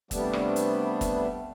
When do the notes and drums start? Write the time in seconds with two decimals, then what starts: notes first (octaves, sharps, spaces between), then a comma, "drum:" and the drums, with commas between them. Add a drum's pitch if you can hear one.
0.11 C3 G3 A3 B3 D4, drum: kick, hi-hat
0.33 drum: rim click
0.56 drum: hi-hat
1.01 drum: kick, hi-hat